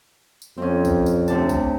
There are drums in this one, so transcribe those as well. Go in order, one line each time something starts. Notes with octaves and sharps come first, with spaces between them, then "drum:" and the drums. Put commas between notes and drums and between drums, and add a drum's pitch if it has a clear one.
drum: tambourine
F2 C4 C#4
drum: kick, tambourine
drum: tambourine
D2 C3 A5, drum: tambourine
drum: kick, tambourine